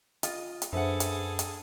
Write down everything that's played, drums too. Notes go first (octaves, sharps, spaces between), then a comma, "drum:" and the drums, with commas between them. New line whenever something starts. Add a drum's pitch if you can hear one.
F4 D#5, drum: hi-hat
drum: hi-hat
F#2 D4 G#4 A4 B4 C5 E5 F#5
drum: hi-hat
drum: hi-hat